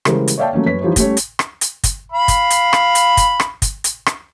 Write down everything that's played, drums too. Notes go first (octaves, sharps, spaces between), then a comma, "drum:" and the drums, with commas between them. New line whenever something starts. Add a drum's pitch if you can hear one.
C#3 E3 G3 G#3 A#4 C5, drum: rim click
drum: hi-hat
C#5 D5 E5 F5 G5 A5
F#3 A3 A#3 C#4
F#2 B4 C#5 B6
E3 F3 G3 D#4 C#5
G3 A3 C#4 C#5, drum: kick, hi-hat
drum: hi-hat
drum: rim click
drum: hi-hat
drum: kick, hi-hat
F5 B5
drum: kick, hi-hat
drum: hi-hat
drum: rim click
drum: hi-hat
drum: kick, hi-hat
drum: rim click
drum: kick, hi-hat
drum: hi-hat
drum: rim click